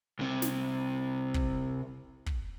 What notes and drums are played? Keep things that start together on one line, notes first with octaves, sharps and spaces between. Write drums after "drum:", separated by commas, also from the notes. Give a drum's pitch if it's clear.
C2 C3
drum: snare
drum: kick
drum: kick